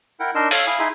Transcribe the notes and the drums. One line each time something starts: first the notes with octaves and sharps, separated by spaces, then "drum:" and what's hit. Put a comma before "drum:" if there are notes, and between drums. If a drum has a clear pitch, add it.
E4 A#4 F#5 G5
D4 D#4 A#4 D#5 C6 E6
A4 C#5 F5, drum: open hi-hat
E4 F5 G#5 D#6
D#4 E4 G#4 E5 C6 D#6